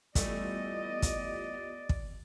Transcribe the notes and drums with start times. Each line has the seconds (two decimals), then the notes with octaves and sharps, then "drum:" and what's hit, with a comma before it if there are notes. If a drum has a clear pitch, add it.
0.15 E3 G3 A3 B3 F4 G4 D5 D#5, drum: kick, hi-hat
1.02 drum: kick, hi-hat
1.89 drum: kick